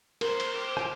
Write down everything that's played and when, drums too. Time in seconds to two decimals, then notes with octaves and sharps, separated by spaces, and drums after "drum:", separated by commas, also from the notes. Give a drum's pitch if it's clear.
0.21 A#4 C5 C6, drum: cymbal
0.40 drum: cymbal
0.53 G4 C5
0.77 drum: rim click